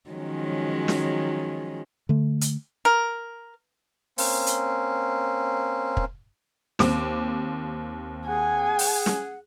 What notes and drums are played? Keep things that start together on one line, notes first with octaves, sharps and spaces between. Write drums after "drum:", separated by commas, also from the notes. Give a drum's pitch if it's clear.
D#3 F3 F#3 G#3 C#4
drum: snare
D3 A3
drum: hi-hat
A#4
A#3 C4 C#4, drum: open hi-hat
drum: hi-hat
drum: kick
D#2 C4 D6, drum: snare
G#4 F#5 G#5
drum: open hi-hat
drum: snare